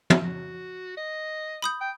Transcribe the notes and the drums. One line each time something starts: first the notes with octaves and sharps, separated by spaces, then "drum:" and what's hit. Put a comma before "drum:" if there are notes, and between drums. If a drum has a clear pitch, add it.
drum: tom
F#4
D#5
B5 D#6 G6
G5